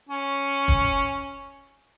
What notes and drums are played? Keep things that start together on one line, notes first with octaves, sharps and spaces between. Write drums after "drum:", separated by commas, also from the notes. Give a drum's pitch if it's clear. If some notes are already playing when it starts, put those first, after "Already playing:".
C#4
drum: kick